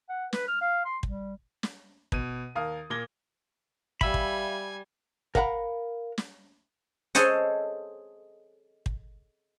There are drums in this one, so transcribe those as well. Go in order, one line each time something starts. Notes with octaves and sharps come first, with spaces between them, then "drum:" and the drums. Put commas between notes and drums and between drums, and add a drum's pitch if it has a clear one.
F#5
B4, drum: snare
F6
F5
C6
G3, drum: kick
drum: snare
B2 D#7, drum: kick
D#2 A#4 F5 D#6
A#2 A#3 G#6 A#6 G7
G3 E5 F5 G#5 B5 E6, drum: kick
drum: kick
A#4 F5 F#5 A#5 B5, drum: kick
drum: snare
G#4 A4 C5 C#5 D#5 F#5, drum: hi-hat
drum: kick